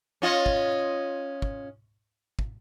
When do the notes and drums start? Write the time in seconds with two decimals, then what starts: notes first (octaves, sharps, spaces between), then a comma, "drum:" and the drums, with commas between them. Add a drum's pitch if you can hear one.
0.22 C#4 F4 D#5
0.46 drum: kick
1.42 drum: kick
2.39 drum: kick